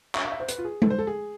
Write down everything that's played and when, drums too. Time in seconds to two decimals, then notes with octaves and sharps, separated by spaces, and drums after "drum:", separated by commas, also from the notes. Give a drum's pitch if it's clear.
0.15 E5, drum: clap
0.23 F5
0.32 E5
0.40 C5
0.48 B4, drum: hi-hat
0.58 F4
0.65 G#4
0.82 A4, drum: tom G#3
0.90 C5
0.99 A4
1.07 G#4